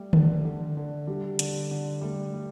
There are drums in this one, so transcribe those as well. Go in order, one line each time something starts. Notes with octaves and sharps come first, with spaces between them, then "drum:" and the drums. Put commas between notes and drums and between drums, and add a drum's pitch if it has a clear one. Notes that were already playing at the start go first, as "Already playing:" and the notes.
Already playing: G3 A3
D3, drum: tom D3
D3
D3
D3 G3
D3, drum: hi-hat
D3
G3 A3
G3